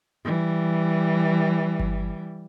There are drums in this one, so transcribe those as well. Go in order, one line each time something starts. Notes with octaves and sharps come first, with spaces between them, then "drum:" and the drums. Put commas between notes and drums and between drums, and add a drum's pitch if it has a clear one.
E3 G3
drum: kick G1